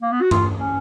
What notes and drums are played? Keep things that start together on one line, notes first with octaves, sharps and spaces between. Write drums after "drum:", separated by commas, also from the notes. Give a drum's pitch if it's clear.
A#3
B3
F#4
F4, drum: tom G2
C#4